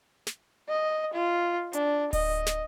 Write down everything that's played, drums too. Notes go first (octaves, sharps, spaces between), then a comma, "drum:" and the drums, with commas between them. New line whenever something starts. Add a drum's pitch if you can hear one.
drum: snare
D#5
F4
D4, drum: hi-hat
D#5, drum: kick D1, open hi-hat
drum: snare